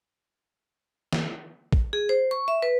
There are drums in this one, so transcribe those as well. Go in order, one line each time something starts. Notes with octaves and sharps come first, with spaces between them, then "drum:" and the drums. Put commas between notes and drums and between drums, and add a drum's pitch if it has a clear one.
drum: snare
drum: kick
G#4
C5
C#6
E5
B4